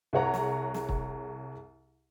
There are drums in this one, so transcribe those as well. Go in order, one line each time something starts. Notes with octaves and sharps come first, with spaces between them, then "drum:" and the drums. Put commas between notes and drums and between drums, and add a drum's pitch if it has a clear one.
C2 G#4 C#5 F#5 A#5
drum: snare
drum: snare
drum: kick